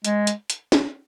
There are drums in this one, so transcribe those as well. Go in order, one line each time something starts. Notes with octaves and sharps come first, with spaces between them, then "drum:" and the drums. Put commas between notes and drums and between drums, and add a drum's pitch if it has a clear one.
G#3, drum: hi-hat
drum: hi-hat
drum: hi-hat
drum: snare